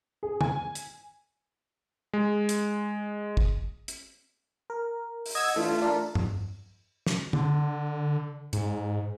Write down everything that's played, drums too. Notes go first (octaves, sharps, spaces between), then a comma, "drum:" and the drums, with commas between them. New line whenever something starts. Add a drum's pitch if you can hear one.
G#4
G#5, drum: tom
drum: hi-hat
G#3
drum: hi-hat
drum: kick
drum: hi-hat
A#4
drum: open hi-hat
D#5 F#5 E6 G#6
E3 A3 D4 F4
D4 A4 A#4
drum: tom G2
drum: snare
D3, drum: tom
G#2, drum: hi-hat